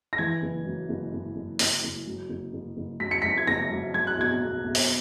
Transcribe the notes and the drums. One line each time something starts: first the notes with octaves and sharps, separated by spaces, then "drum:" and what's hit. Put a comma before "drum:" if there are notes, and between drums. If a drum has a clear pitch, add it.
A#6
E3 G#6
F#1
F#2
F#1
F#1
F#1
F#1, drum: open hi-hat
F#1
F#2
F#1
F#1
F#1
F#2 B6
C#7
F#2 B6
G#6
F#1 A#6
F#2
F#3 G#6
F#6
B1 G#6
B1
B1
drum: open hi-hat